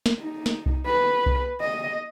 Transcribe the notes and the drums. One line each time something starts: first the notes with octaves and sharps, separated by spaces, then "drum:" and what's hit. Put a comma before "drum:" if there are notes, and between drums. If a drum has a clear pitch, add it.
drum: snare
D#4
drum: snare
drum: kick C2
B4
drum: kick C2
D#5